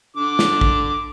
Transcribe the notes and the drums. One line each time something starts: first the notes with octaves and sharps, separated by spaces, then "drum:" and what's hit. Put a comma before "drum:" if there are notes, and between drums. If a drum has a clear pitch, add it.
D3 D6
drum: snare
drum: kick A1